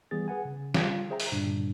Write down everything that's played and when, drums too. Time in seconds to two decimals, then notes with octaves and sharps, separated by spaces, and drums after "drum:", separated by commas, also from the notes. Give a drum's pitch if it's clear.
0.11 E3 G3 B3 G#4 A6
0.28 G#4 B4 F#5 G#5
0.45 C#3
0.74 D3 G3 F4 F5 G5, drum: snare
1.10 G#4 C5 E5 G5 A#5
1.20 drum: open hi-hat
1.32 G2 A#2 D3 G3 D4